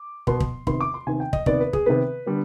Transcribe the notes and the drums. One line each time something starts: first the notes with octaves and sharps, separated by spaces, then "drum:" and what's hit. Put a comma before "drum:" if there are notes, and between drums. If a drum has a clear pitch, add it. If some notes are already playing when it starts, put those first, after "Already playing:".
Already playing: D6
B2 B3 C6, drum: kick
drum: kick
C3 D#3 B3 C6, drum: kick
D6
C6
C3 D#3 B3 G#5
G5
D#5, drum: kick
C3 D#3 B3 D5, drum: kick
B4
G#4, drum: kick
C3 D#3 B3 B4
D3 G3 B3